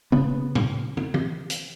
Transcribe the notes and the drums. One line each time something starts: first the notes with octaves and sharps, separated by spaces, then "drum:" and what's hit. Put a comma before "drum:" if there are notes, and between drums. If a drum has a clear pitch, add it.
C#3 B3
drum: tom A2
drum: tom
drum: tom
drum: hi-hat